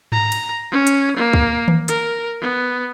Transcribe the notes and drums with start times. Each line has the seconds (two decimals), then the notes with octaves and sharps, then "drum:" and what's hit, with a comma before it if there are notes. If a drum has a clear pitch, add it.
0.12 A#5, drum: tom G#2
0.32 drum: cymbal
0.71 C#4
0.87 drum: hi-hat
1.16 A#3
1.33 drum: kick
1.68 drum: tom D#3
1.88 A#4, drum: hi-hat
2.41 B3